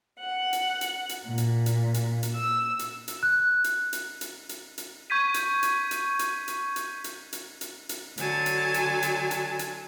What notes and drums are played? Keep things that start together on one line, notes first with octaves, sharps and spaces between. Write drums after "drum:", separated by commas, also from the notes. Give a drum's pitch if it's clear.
F#5
drum: hi-hat
drum: hi-hat
drum: hi-hat
A#2
drum: hi-hat
drum: hi-hat
drum: hi-hat
drum: hi-hat
E6
drum: hi-hat
drum: hi-hat
F#6
drum: hi-hat
drum: hi-hat
drum: hi-hat
drum: hi-hat
drum: hi-hat
C#6 G6 G#6 B6 D#7
drum: hi-hat
drum: hi-hat
drum: hi-hat
drum: hi-hat
drum: hi-hat
drum: hi-hat
drum: hi-hat
drum: hi-hat
drum: hi-hat
drum: hi-hat
D3 F#3 G#5 A5, drum: hi-hat
drum: hi-hat
drum: hi-hat
drum: hi-hat
drum: hi-hat
drum: hi-hat